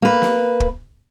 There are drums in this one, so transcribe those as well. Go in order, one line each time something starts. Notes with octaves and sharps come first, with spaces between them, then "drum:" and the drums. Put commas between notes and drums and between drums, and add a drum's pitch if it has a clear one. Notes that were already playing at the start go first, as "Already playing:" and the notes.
A#3 B4
drum: snare
drum: kick